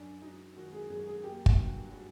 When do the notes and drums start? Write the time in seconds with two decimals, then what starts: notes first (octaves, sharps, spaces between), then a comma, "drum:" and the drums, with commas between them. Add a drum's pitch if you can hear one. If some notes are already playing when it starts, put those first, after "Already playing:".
Already playing: F#2 D4
0.22 F#3 D#4
0.56 D#3 F#4
0.73 G#4
0.90 F#2 G#4
1.07 G#4
1.24 A#3 G4
1.46 drum: kick
1.57 G2 F#4
1.91 G3 F#4